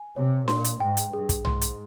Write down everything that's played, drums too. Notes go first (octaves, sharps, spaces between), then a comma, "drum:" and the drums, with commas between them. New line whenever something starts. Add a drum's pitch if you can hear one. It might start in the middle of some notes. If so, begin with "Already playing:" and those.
Already playing: G#5
C3 C#5
A#2 C6, drum: snare D4
drum: hi-hat
G#2 G5
drum: hi-hat
G2 G#4
drum: kick, hi-hat
G#2 C6, drum: tom B1
drum: hi-hat